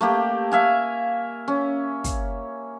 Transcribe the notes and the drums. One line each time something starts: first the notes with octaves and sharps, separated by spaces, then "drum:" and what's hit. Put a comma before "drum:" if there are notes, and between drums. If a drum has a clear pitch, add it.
A3 A#3 G4
E5 F5 G#5
C#4
drum: kick, hi-hat